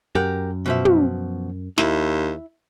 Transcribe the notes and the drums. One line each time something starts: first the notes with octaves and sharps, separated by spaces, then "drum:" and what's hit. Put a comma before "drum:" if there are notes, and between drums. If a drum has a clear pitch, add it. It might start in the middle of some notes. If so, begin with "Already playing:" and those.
F#2 G4 A#4 F#5
B2 F3 E5
drum: tom
D#2 E4, drum: snare